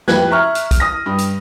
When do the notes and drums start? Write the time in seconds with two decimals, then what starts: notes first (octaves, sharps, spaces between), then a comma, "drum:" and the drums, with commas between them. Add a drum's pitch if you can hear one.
0.08 F2 A2 G4 B4 F#6 G#6, drum: snare
0.31 E5 A#5 C#6 F6
0.55 drum: hi-hat
0.71 drum: kick B1, hi-hat
0.80 D#6 A#6
1.06 G2
1.18 drum: hi-hat